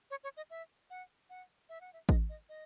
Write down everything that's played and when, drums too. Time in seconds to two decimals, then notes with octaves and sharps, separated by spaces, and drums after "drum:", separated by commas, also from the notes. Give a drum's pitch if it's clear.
0.11 C#5
0.24 C#5
0.37 D#5
0.50 E5
0.90 F#5
1.30 F#5
1.69 E5
1.81 F#5
1.93 E5
2.09 D#5, drum: kick A1
2.29 D#5
2.49 D#5